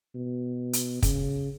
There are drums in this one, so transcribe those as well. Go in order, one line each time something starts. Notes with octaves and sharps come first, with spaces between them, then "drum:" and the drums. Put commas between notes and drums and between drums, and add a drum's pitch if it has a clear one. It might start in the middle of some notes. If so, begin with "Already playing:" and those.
B2
drum: hi-hat
C#3, drum: kick, hi-hat